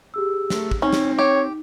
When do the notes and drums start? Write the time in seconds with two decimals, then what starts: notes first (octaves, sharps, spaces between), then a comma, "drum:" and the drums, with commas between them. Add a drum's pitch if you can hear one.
0.14 G4 G#4 E6
0.50 A3, drum: snare
0.71 drum: kick
0.82 C4 C#4 D#4
0.93 drum: snare
1.18 G4 C#5